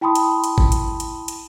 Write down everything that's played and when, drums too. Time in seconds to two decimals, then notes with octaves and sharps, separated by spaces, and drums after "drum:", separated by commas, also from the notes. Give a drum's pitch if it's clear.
0.01 E4 G5 A5 B5 C6 D#6
0.15 drum: hi-hat
0.44 drum: hi-hat
0.58 drum: kick
0.72 drum: hi-hat
1.00 drum: hi-hat
1.28 drum: hi-hat